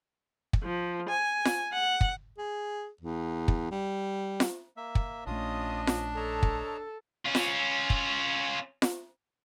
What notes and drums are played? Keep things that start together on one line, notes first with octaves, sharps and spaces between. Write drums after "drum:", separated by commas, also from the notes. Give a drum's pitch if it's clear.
drum: kick
F3
G#5
drum: snare F4
F#5
drum: kick
G#4
E2
drum: kick
G3
drum: snare F4
A#3 E5
drum: kick
A#1 A3 C#4 D4 F4 D#5 D#6
drum: snare F4
A4 C#5 D#5 A#5
drum: kick
C#4 F4
drum: snare F4
drum: kick
drum: snare F4